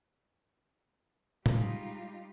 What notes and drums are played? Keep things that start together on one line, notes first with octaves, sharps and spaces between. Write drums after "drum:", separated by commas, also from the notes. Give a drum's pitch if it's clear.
G3 G#3 D#4 F4, drum: tom A2